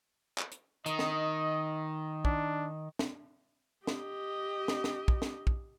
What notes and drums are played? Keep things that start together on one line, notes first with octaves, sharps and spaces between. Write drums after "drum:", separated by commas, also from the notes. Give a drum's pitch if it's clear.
drum: clap
drum: hi-hat
D#3 D#5, drum: hi-hat
drum: snare
D4, drum: kick
drum: snare
G4 D#5, drum: snare
drum: snare
drum: snare
drum: kick
drum: snare
drum: kick